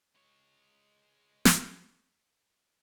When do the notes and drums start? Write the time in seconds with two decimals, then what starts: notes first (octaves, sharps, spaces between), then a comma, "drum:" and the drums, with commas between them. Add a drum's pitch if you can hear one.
0.15 G#3 C#5
1.45 drum: snare